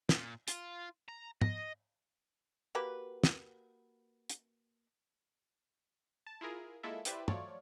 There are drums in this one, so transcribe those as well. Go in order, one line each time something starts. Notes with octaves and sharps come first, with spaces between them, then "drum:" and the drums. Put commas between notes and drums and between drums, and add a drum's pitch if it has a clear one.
A#2, drum: snare
F4, drum: hi-hat
A#5
D#5, drum: tom
A#3 F#4 G4 B4
drum: snare
drum: hi-hat
A5
E4 F4 G#4 A#4
G#3 A#3 E4 F4 A4 E5
E4 G4 B4 C5 D5 E5, drum: hi-hat
F3 F#3 A3 F4 C#5 D5, drum: tom